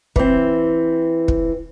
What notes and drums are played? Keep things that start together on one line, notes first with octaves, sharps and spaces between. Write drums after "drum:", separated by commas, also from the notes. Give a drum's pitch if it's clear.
E3 C4, drum: kick
drum: kick